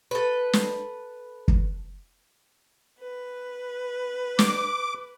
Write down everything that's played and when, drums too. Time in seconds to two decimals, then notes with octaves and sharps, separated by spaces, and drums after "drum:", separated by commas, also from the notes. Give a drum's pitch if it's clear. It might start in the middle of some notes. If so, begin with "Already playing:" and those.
0.11 A4 B4
0.53 drum: snare
1.48 drum: kick
2.99 B4
4.39 D6, drum: snare